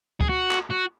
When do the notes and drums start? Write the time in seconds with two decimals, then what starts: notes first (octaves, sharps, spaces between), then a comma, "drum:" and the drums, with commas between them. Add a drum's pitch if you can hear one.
0.21 G#4, drum: kick C#2
0.29 F#4
0.51 drum: clap
0.70 F#4